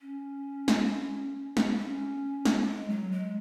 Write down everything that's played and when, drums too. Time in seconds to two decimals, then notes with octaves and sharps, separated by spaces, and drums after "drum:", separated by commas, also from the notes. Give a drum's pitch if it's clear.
0.01 C#4
0.68 drum: snare
1.57 drum: snare
1.79 C#4
2.45 drum: snare
2.67 G#3
2.90 F#3
3.12 G#3